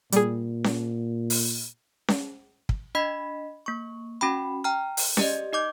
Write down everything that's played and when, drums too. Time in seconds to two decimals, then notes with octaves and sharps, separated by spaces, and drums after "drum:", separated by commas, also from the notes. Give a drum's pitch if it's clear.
0.12 A#2 G3 G#4, drum: hi-hat
0.64 drum: snare C#4
1.30 drum: open hi-hat
2.08 drum: snare C#4
2.69 drum: kick
2.95 D4 D#5 B5 B6
3.66 A#3 C#6
4.21 C#4 F#4 G5 B5
4.64 G5 A#5 F6
4.97 drum: open hi-hat
5.17 G4 D5 D#5, drum: snare C#4
5.53 D#4 D#5 D6 G6